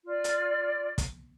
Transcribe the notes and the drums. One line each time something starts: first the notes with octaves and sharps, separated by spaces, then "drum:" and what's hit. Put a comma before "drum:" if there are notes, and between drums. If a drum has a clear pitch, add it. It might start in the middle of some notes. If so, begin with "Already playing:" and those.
F4 D5
drum: hi-hat
drum: kick, hi-hat